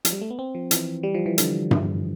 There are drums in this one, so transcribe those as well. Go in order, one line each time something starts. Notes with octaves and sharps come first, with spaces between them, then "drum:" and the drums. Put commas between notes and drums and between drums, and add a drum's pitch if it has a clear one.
F3, drum: hi-hat
G3
A3
B3
C4
F3
E3, drum: hi-hat
G3
F3
E3
D3, drum: hi-hat
drum: tom G2